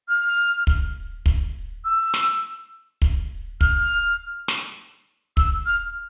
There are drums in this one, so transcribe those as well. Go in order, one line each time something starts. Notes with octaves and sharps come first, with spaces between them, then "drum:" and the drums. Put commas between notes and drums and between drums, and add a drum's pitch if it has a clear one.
F6
drum: kick
drum: kick
E6
drum: snare
drum: kick
F6, drum: kick
drum: snare
E6, drum: kick
F6